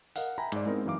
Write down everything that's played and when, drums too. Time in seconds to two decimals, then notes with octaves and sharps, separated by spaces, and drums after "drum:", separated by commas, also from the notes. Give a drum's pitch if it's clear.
0.16 A#4 D#5 F5 F#5, drum: open hi-hat
0.38 E5 G5 G#5 A#5 B5
0.52 G#2 D5, drum: hi-hat
0.66 G#3 B3 C4 D#4 E4 A#4
0.85 F#2 E3 D#4 F5 D6